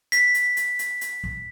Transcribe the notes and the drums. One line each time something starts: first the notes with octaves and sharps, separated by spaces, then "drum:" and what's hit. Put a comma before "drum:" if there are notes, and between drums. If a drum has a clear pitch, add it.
B6, drum: hi-hat
drum: hi-hat
drum: hi-hat
drum: hi-hat
drum: hi-hat
drum: kick